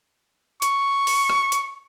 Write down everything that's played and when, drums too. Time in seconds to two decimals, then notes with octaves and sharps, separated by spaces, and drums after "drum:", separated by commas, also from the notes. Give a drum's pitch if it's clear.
0.62 C#6, drum: hi-hat
1.07 drum: open hi-hat
1.30 drum: rim click
1.52 drum: hi-hat